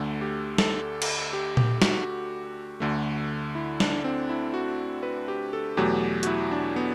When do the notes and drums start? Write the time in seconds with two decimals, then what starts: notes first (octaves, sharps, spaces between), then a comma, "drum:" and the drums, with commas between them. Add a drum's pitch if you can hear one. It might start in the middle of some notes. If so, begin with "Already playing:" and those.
Already playing: D2 D3 A3 A4
0.21 G4
0.58 A4, drum: snare
1.02 drum: cymbal
1.33 G4
1.57 G4, drum: tom A#2
1.82 F#4, drum: snare
2.80 D2 D3 A3
3.55 E4
3.80 D4, drum: snare
4.04 C4
4.29 E4
4.54 F#4
5.03 B4
5.28 G4
5.53 A4
5.77 E2 B2 F#3 A3 G4
6.23 F#4, drum: hi-hat
6.27 E4
6.51 D4
6.76 B3